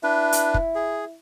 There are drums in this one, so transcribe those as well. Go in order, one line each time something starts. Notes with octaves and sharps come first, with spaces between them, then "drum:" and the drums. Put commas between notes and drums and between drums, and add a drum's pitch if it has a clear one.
D4 E4 B4
drum: hi-hat
drum: kick
G#4